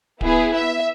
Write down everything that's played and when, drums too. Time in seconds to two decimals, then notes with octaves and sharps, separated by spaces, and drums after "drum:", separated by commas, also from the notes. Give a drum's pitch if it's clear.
0.21 B3 E4 G#4, drum: kick D1
0.55 E5